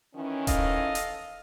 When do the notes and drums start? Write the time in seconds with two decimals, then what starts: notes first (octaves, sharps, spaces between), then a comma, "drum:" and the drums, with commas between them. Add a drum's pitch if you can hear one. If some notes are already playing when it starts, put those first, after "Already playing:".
0.15 D#3 E3 C#4
0.47 A4 D#5 F5, drum: kick D#1, hi-hat
0.95 drum: hi-hat